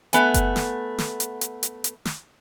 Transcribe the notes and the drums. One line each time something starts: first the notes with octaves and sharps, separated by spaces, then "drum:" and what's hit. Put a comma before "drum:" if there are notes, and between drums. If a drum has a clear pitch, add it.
A3 B3 G#5, drum: hi-hat
drum: kick F#1, hi-hat
drum: snare
drum: snare
drum: hi-hat
drum: hi-hat
drum: hi-hat
drum: hi-hat
drum: snare